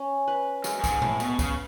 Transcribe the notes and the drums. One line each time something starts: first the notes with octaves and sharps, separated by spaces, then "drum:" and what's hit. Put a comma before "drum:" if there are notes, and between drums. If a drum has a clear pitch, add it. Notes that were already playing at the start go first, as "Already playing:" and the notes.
Already playing: C#4
B4
F#2 G#3, drum: tambourine
F#2
G#2, drum: kick, tambourine
A2 B4, drum: tom A2
B2, drum: tambourine
C#3 B4, drum: kick, tambourine